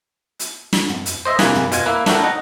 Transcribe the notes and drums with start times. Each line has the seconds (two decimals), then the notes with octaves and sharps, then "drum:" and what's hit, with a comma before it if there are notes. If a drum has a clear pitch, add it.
0.40 drum: hi-hat
0.73 drum: snare
0.89 drum: tom
1.06 drum: hi-hat
1.25 C5 D#5 E5
1.39 E2 C3 E3 A#3 B4 G#5, drum: snare
1.55 drum: tom
1.72 B2 F4 G#5, drum: hi-hat
1.86 A#3 E4 B4
2.06 A3 D4 E4 F#4 A#4 G5, drum: snare
2.23 D#4 F#5 A#5